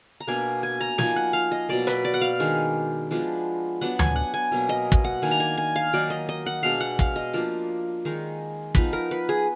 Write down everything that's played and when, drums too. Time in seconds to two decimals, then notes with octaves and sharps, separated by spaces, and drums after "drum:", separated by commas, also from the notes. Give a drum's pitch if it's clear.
0.20 A#5
0.27 B2 A#3 D4 G#5
0.63 G#5
0.81 A#5
0.98 F3 A#3 D#4 G#5, drum: snare
1.16 F#5
1.33 F5
1.52 D#5
1.69 B2 F#3 A#3 D5
1.87 B4, drum: hi-hat
2.05 D5
2.14 F#5
2.21 F5
2.40 D#3 G#3 D4
3.11 F3 G#3 B3 D4
3.81 F#3 B3 D4 F#5
3.99 G#5, drum: tom D2
4.16 F#5
4.34 G#5
4.52 B2 F#3 A#3
4.69 D#5
4.92 drum: kick
5.04 F#5
5.22 D#3 A#3 D4 G#5
5.31 A#5
5.40 G#5
5.58 G#5
5.76 F5
5.93 D#3 F#3 A#3 D#4 D5
6.10 D#5
6.29 D#5
6.46 F#5
6.63 B2 G#3 D4 F5
6.80 F#5
6.99 F5, drum: kick
7.16 D#5
7.33 F3 A#3 D4
8.05 D#3 G#3 D#4
8.75 F3 B3 D#4 B4, drum: kick
8.93 A#4
9.11 B4
9.29 G#4